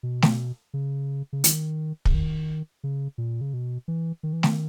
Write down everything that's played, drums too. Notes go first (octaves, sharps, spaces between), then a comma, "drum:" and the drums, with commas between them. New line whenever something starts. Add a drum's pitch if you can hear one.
B2
drum: snare A3
C#3
C#3
D#3, drum: hi-hat
C#3, drum: kick
D#3
C#3
A#2
C#3
B2
E3
D#3
E3
D#3, drum: snare A3